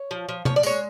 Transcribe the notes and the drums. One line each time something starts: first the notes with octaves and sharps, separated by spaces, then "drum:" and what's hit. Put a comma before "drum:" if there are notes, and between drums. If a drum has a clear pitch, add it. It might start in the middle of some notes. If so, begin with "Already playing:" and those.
Already playing: C#5
F3
F3
F3 C#5, drum: tom C3
D5
G#3 C#5, drum: tambourine